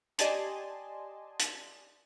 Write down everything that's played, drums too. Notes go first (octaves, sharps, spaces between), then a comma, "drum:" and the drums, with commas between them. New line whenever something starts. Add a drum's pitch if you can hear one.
G4 D5 D#5 G#5 A5 C6, drum: hi-hat
drum: hi-hat